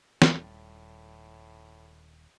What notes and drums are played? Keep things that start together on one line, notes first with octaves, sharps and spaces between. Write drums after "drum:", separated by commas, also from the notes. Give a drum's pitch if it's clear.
D#1 A2 G3, drum: snare